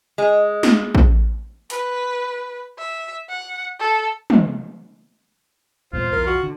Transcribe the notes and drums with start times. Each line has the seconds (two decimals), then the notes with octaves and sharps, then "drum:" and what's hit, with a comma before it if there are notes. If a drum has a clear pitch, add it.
0.18 G#3
0.63 drum: snare
0.95 drum: kick A1
1.70 B4, drum: hi-hat
2.78 E5
3.29 F#5
3.80 A4
4.30 drum: tom
5.93 E2 A#2 G3 F4 C5
6.12 B1 E2 A#4
6.27 F#4
6.43 D3